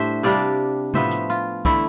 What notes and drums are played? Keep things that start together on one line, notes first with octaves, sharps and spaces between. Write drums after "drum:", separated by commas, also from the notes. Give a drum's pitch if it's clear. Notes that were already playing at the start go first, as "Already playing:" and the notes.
Already playing: A2 G3 D4 C5 E5
C3 G3 D4 D5 F5
A2 F3 B3 C5 E5, drum: tom C3
drum: hi-hat
F4
D3 A3 E4, drum: kick